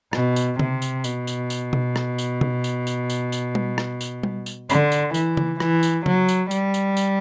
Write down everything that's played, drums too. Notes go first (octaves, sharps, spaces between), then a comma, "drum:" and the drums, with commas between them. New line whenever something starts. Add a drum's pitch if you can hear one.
B2, drum: rim click
drum: tambourine
C3, drum: tom C#3
drum: tambourine
B2, drum: tambourine
drum: tambourine
drum: tambourine
drum: tom B2
drum: rim click
drum: tambourine
drum: tom B2
drum: tambourine
drum: tambourine
drum: tambourine
drum: tambourine
drum: tom G3
drum: rim click
drum: tambourine
drum: tom G3
drum: tambourine
D3, drum: tambourine
drum: tambourine
E3, drum: tambourine
drum: tom C#3
E3, drum: rim click
drum: tambourine
F#3, drum: tom C#3
drum: tambourine
G3, drum: tambourine
drum: tambourine
drum: tambourine